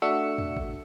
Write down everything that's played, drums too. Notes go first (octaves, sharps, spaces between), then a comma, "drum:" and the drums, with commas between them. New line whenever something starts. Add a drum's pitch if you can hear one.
A3 D4 F#4 E5 E6 C#7
drum: tom E2
drum: kick